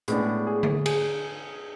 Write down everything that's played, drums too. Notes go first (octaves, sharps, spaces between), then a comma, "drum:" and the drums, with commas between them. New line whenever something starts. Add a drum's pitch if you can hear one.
A2 G#3 B3 D4 G#4, drum: hi-hat
G#4
drum: tom D3
G#4, drum: cymbal